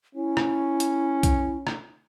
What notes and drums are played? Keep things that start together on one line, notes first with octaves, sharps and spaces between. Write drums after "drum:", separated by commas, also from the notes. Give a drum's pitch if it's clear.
C#4 E4
drum: rim click
drum: hi-hat
drum: kick B1, hi-hat
drum: rim click